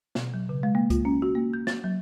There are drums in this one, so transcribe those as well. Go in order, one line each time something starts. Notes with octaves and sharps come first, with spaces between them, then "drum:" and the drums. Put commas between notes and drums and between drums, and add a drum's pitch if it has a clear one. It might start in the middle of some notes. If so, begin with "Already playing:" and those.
B2, drum: snare
F#3
C#3
G#3
A#3
F4, drum: kick C2, hi-hat
C#4
F#4
A#3
G6
A6, drum: snare
F#3